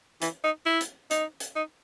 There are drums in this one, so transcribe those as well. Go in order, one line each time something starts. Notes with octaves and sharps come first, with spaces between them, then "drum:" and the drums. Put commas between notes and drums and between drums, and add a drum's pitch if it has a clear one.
E3, drum: hi-hat
D#4
E4
drum: hi-hat
D#4, drum: hi-hat
drum: hi-hat
D#4